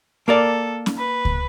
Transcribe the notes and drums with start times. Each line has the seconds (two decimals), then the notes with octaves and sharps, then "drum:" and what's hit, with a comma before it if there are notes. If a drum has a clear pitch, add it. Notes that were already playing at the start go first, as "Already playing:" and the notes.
0.28 A#3 A4 A#4 D5
0.86 drum: snare C#4
0.98 B4
1.25 drum: kick C#2